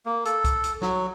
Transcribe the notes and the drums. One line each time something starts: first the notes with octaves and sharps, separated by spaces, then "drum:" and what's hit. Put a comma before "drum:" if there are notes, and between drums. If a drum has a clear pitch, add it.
A#3
A4, drum: hi-hat
drum: kick, hi-hat
drum: hi-hat
F#3, drum: snare